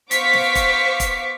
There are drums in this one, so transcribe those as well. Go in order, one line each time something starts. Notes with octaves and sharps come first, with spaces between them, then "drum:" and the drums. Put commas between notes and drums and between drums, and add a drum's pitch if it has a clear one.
B3 C5 F5 C#6 D6 B6, drum: hi-hat
drum: snare
drum: kick E1, hi-hat
drum: kick E1, hi-hat